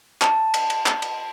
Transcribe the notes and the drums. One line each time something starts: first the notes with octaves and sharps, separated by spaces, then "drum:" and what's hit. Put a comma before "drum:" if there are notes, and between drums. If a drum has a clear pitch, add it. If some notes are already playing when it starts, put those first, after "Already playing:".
A5, drum: clap
drum: cymbal
drum: cymbal
drum: clap
drum: cymbal